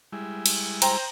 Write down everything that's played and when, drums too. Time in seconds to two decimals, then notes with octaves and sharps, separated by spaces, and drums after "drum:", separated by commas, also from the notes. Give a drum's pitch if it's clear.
0.13 G3 G#3 E4
0.46 drum: cymbal
0.82 C5 G5 A#5, drum: cymbal